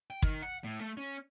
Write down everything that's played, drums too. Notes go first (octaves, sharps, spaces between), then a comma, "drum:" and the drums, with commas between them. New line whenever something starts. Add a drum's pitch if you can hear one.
G5
D#3, drum: kick
F#5
A2
A3
C#4